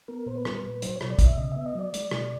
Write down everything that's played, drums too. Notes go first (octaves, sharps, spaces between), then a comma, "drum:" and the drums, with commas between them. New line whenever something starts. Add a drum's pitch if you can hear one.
B3 A#4
A#2 C5
B4
G3 A#4, drum: rim click
B4
A#2
F#3 C5, drum: hi-hat
C#5
B2, drum: rim click
D5
B2, drum: kick A#1, hi-hat
E5
C#3 D#5
B3 E5
D#5
F#3 D5
G#3 D5, drum: hi-hat
B2, drum: rim click